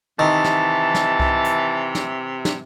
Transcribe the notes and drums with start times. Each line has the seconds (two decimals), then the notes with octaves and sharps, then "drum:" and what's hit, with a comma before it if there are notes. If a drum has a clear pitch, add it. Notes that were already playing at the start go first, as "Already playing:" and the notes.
0.19 C3 D#3 E3 A5
0.44 drum: snare
0.95 drum: snare
1.20 drum: kick C2
1.45 drum: hi-hat
1.95 drum: snare
2.45 drum: snare